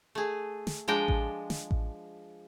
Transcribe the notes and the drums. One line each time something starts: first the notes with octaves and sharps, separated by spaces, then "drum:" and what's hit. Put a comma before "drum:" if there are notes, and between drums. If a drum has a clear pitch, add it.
A3 G#4
drum: snare
F3 G#3 D4 G5 A#5
drum: kick A1
drum: snare
drum: kick A1